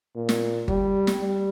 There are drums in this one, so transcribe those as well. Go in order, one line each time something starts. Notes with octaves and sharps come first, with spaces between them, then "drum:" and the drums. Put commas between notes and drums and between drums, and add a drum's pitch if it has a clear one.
A#2
drum: snare
G3, drum: kick G1
drum: snare
G3